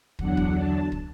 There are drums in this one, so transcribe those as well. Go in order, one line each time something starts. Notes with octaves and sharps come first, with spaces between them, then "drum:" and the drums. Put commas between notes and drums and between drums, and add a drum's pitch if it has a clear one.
E2 D3 F#3 D4 F#5, drum: kick
drum: kick
A5
drum: kick